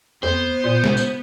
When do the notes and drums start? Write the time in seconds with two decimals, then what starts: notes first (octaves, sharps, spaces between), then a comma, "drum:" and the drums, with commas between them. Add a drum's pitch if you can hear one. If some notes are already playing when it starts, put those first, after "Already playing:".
0.23 F2 B3 C5
0.64 A#2
0.84 drum: snare
0.97 drum: tambourine